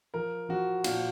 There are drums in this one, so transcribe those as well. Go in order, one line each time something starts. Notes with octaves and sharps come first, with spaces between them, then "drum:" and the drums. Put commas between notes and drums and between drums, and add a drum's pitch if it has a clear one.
F3 A#4
F3 F#4
A#2 F4, drum: cymbal